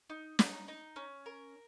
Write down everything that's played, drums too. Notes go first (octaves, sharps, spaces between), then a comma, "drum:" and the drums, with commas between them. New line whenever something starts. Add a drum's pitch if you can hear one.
D#4
D#4, drum: snare
D#4
C#4
A#4